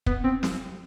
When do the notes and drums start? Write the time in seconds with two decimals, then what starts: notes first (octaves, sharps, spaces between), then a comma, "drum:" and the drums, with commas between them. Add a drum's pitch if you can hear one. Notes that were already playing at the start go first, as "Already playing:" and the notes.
0.06 B3, drum: kick
0.24 C4
0.43 drum: snare